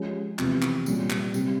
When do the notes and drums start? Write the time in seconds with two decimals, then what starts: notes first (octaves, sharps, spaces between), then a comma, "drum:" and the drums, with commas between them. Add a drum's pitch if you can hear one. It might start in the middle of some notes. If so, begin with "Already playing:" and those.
Already playing: F3 G#3 C#4 G4
0.39 E2 C3 F3 C4, drum: clap
0.62 drum: clap
0.86 A#2 G3 C#4 G4, drum: tambourine
1.10 drum: clap
1.34 C3 G3 C4, drum: tambourine